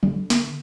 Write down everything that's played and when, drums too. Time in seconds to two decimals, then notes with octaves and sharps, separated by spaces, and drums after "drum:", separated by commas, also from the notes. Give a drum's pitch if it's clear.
0.03 D3, drum: tom
0.30 drum: snare